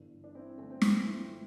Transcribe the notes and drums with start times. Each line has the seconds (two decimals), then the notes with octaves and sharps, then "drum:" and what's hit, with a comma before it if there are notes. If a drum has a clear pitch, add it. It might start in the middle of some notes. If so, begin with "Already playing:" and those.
Already playing: G1 G2 E3
0.24 D4
0.35 C4 E4
0.58 G1 G2 E3 A3 C4
0.71 C4
0.82 B3, drum: snare
0.96 F4
1.05 C4 E4
1.30 D3 F3